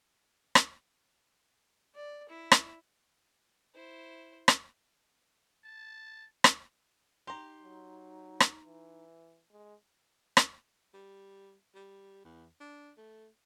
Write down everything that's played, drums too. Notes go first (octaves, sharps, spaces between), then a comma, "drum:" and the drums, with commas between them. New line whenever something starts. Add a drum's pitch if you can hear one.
drum: rim click
D5
E4
drum: rim click
E4 C5
drum: rim click
A5
drum: rim click
D#4 G4 A#5 C6
F#3
drum: rim click
E3
G#3
drum: rim click
G3
G3
E2
D4
A3